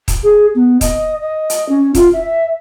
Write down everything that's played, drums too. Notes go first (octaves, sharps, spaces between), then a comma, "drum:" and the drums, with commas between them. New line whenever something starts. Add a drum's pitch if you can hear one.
drum: kick D#1, hi-hat
G#4
B3
D#5, drum: kick D#1, hi-hat
D#5
drum: hi-hat
C#4
F4, drum: kick D#1, hi-hat
E5